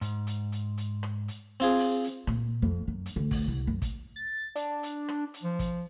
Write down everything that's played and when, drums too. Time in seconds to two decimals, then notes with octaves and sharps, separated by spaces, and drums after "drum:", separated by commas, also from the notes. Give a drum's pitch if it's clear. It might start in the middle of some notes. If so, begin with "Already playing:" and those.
0.01 G#2, drum: hi-hat
0.27 drum: hi-hat
0.52 drum: hi-hat
0.77 drum: hi-hat
1.03 drum: rim click
1.28 drum: hi-hat
1.60 C4 F4 G#4
1.79 drum: open hi-hat
2.04 drum: hi-hat
2.27 A#2, drum: rim click
2.62 F2
2.88 F#2
3.06 drum: hi-hat
3.16 D2
3.31 drum: kick, open hi-hat
3.48 C2
3.67 F#2
3.82 drum: kick, hi-hat
4.16 A6
4.55 D4, drum: hi-hat
4.83 drum: hi-hat
5.08 drum: rim click
5.34 drum: hi-hat
5.43 F3
5.59 drum: kick, hi-hat